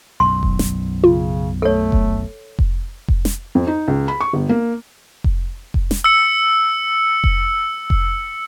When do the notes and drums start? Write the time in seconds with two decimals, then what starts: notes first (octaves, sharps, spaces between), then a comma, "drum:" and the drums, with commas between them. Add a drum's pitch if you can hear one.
0.20 B1 F#2 C6
0.43 drum: kick F1
0.59 drum: snare
1.04 C#3 F4
1.62 A3 A4 C#5
1.92 drum: kick F1
2.59 drum: kick F1
3.08 drum: kick F1
3.25 drum: snare
3.55 F2
3.67 D#4
3.88 C#2
4.08 B5
4.20 C#6
4.33 G1
4.49 A#3
5.24 drum: kick F1
5.74 drum: kick F1
5.91 drum: snare
6.04 E6 C#7
7.24 drum: kick F1
7.90 drum: kick F1